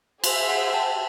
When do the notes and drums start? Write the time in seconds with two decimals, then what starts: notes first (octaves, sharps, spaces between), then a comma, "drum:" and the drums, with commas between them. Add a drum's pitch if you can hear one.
0.24 G#4 C5 E5, drum: cymbal
0.49 F#5 G#5
0.74 G5 A5